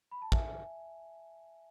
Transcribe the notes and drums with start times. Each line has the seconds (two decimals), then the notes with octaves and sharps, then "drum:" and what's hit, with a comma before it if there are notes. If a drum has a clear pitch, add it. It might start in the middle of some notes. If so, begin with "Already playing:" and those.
0.11 B5
0.22 A5
0.32 E5 G#5, drum: kick